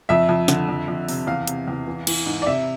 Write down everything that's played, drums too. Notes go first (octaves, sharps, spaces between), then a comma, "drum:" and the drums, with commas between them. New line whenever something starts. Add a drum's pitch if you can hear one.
F2 E5
F2
D3, drum: snare
F2
F2
C3, drum: open hi-hat
E2 F5
C3, drum: hi-hat
E2
E3
E3, drum: cymbal
G#2
D5
C3 E5